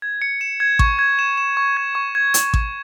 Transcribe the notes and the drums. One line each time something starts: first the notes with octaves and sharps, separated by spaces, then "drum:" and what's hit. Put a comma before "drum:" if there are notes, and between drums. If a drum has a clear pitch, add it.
G#6
C#7
E7
G#6
C#6, drum: kick A1
G#6
E7
E7
C#6
G#6
C#6
G#6
G#6, drum: hi-hat
C#6, drum: kick A1